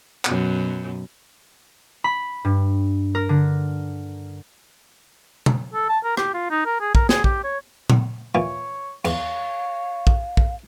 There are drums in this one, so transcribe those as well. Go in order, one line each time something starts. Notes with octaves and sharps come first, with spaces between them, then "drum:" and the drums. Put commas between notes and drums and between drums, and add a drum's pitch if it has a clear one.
F#2 B2, drum: clap
B5
G2
A#4
D3
drum: tom B2
A4
A5
A#4
G4, drum: rim click
F4
D#4
A#4
G#4
A#4, drum: kick
G#4, drum: snare
G4, drum: kick
C#5
drum: tom A#2
A#2 E3 C#5
E2 C#5 F5, drum: cymbal
drum: kick
drum: kick